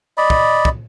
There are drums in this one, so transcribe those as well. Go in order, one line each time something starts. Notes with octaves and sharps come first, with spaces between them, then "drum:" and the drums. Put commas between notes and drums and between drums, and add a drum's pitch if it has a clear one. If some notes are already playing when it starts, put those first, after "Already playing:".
D5 D#5 B5
drum: kick
drum: kick